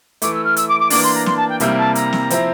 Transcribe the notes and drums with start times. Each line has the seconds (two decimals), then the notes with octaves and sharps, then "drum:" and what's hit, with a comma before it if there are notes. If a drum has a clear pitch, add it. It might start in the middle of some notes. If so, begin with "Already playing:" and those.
0.22 E3 A3 E4 D6, drum: hi-hat
0.34 E6
0.44 F6
0.57 E6, drum: hi-hat
0.68 D6
0.80 D6
0.90 E3 A#3 D4 D6, drum: open hi-hat
1.03 C6
1.15 A#5
1.26 C6, drum: snare
1.37 A5
1.49 G5
1.60 C3 G3 A#3 E4 G5, drum: hi-hat
1.78 A5
1.95 A#5, drum: hi-hat
2.13 drum: snare
2.30 F3 C4 E4, drum: hi-hat